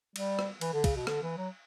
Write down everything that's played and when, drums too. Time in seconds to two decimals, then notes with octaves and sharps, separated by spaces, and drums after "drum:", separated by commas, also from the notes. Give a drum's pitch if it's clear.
0.16 G3, drum: cymbal
0.39 drum: rim click
0.61 E3, drum: cymbal
0.73 D3
0.84 C#3, drum: kick, cymbal
0.96 B2
1.07 D3, drum: rim click
1.23 E3
1.37 F#3